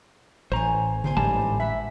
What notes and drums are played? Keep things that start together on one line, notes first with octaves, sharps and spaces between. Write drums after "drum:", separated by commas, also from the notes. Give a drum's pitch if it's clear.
A1 C5 G#5 A#5 C#6
G2 C5 G#5, drum: tom D3
A1 G#2 G3 A5 A#5
E5 F#5 B5